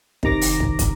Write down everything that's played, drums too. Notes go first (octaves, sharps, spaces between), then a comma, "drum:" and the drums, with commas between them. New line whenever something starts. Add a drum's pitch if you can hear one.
C3 D#3 A#5 D6 A#6, drum: kick
drum: open hi-hat
drum: kick
drum: kick, hi-hat